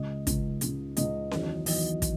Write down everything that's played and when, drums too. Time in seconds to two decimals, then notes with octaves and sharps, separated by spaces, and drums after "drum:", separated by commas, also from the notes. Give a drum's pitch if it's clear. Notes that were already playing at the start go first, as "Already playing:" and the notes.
Already playing: C#2 C#3 G#3 D#5
0.27 C#2 C#3 G#3, drum: kick, hi-hat
0.61 C#2 C#3 G#3, drum: hi-hat
0.97 C#2 C#3 G#3 D#5, drum: hi-hat
1.31 E2 D#3 F#3, drum: snare C#4
1.66 E2 D#3 F#3 D#5, drum: open hi-hat
2.02 drum: kick, hi-hat